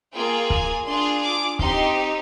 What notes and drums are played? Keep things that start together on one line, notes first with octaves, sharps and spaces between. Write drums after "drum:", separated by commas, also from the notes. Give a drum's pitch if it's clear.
A#3 F4 G#4 G5
G#5, drum: kick
D4 F4 G#4 C6
D6
C4 D#4 G4 C6, drum: kick